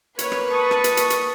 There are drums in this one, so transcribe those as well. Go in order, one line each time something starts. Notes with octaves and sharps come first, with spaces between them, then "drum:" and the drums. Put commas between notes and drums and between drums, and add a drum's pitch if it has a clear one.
A#3 B4 C#5, drum: hi-hat
drum: rim click
A5 C#6 D#6
drum: rim click
drum: hi-hat
drum: hi-hat
drum: hi-hat